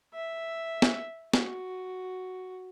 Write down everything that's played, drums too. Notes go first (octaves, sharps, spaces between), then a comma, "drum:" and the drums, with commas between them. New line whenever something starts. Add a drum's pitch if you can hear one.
E5
drum: snare
F#4, drum: snare